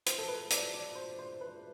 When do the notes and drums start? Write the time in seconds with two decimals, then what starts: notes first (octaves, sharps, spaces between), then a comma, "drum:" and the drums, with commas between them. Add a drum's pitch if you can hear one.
0.06 C5, drum: hi-hat
0.18 A4
0.28 B4
0.50 D5, drum: hi-hat
0.74 D5
0.95 C5
1.19 C5
1.41 B4